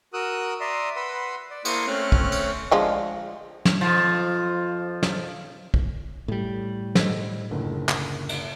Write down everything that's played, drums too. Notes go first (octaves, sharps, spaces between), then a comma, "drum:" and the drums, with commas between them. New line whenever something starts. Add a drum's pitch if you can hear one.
F#4 A#4 D#6 E6 F#6
D5 E5 A#5 C6 D#6
B4 F#5 B5 C6 E6
D5
A#3 E4 C5 C6 C#6 D#6, drum: cymbal
A3 C4 C#4 C#5 F6 F#6
drum: kick
drum: cymbal
D3 F3 G#3
drum: snare
F2 F3
drum: snare
drum: kick
A2 G3
A4 C5 D#5, drum: snare
F#1 C#2 A2 D3
drum: clap
drum: cymbal